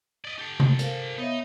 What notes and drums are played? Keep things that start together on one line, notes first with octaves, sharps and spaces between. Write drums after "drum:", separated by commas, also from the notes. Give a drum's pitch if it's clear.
D5 D#5
G4 A4
drum: tom C3
A#4 C5 F5, drum: hi-hat
B3 D#4 C#5 D#5 E5